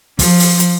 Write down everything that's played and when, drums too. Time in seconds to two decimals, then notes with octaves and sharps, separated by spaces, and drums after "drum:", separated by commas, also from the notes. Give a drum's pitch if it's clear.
0.19 F3, drum: kick, open hi-hat
0.40 drum: open hi-hat
0.60 drum: hi-hat